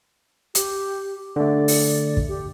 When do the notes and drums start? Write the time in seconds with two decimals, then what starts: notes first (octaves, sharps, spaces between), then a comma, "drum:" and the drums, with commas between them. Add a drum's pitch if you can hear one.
0.55 G4, drum: hi-hat
1.36 D3 A3 D5
1.68 drum: open hi-hat
2.17 drum: kick
2.28 G4